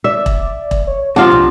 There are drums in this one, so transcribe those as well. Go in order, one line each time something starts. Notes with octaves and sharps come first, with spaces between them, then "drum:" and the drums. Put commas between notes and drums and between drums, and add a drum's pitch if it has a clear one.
D5 E5
drum: kick E1
drum: kick E1
C#5
C3 F3 C4 D4 F4 F#5
drum: tom